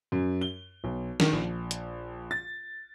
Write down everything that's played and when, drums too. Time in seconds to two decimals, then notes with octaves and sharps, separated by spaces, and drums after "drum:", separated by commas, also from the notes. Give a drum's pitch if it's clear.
0.12 F#2
0.41 G7
0.84 B1
1.20 D#3, drum: snare
1.33 A#1
1.71 drum: hi-hat
2.31 A6